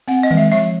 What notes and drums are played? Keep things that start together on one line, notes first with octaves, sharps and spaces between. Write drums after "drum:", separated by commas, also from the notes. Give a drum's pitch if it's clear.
C4 F#5
D#5
G#3, drum: tom D#3
E5
F3 E5